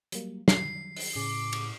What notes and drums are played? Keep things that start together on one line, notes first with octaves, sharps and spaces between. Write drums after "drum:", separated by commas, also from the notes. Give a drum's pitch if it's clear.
F#3 G3 A#3, drum: hi-hat
D#3 F#3 G3 C7, drum: snare
drum: open hi-hat
A2 C#3 C#4 G#4 D6
drum: cymbal